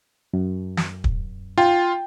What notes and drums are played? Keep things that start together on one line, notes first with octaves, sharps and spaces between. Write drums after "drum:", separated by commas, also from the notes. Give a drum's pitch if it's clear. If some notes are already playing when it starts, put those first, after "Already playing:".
F#2
drum: snare
drum: kick
F4 G5